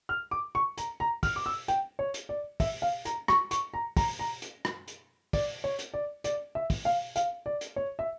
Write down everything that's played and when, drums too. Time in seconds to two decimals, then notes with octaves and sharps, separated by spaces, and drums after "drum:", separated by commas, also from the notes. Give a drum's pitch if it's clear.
0.09 F6
0.31 D6
0.55 C#6
0.78 A#5, drum: hi-hat
1.00 A#5
1.23 F6, drum: kick, open hi-hat
1.36 D6
1.46 E6
1.68 G5, drum: hi-hat
1.99 C#5
2.14 drum: hi-hat
2.29 D5
2.60 E5, drum: kick, open hi-hat
2.82 F5
3.05 A#5, drum: hi-hat
3.28 C#6, drum: rim click
3.51 C#6, drum: hi-hat
3.74 A#5
3.97 A#5, drum: kick, open hi-hat
4.19 A#5
4.42 drum: hi-hat
4.65 drum: rim click
4.88 drum: hi-hat
5.33 D5, drum: kick, open hi-hat
5.64 C#5
5.79 drum: hi-hat
5.94 D5
6.24 D5, drum: hi-hat
6.55 E5
6.70 drum: kick, open hi-hat
6.85 F5
7.16 F5, drum: hi-hat
7.46 D5
7.61 drum: hi-hat
7.76 C#5
7.99 E5